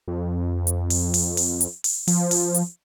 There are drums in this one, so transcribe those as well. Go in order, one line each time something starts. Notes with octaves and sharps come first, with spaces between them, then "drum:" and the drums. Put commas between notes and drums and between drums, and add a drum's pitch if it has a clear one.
F2
drum: hi-hat
drum: open hi-hat
drum: open hi-hat
drum: open hi-hat
drum: hi-hat
drum: open hi-hat
F3, drum: open hi-hat
drum: open hi-hat
drum: hi-hat